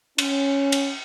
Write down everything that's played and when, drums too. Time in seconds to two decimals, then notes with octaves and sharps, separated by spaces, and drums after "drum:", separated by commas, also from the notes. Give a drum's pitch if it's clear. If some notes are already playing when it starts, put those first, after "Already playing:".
0.18 C#4, drum: cymbal
0.72 drum: cymbal